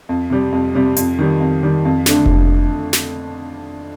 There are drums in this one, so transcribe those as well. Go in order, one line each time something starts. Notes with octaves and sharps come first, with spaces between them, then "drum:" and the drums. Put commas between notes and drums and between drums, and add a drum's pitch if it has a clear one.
F2
C3 G3
F2
C3 G3
F2, drum: hi-hat
D#3 G3
F2
D#3 G3
F2
D3 A3 D4, drum: snare
drum: kick F1
drum: snare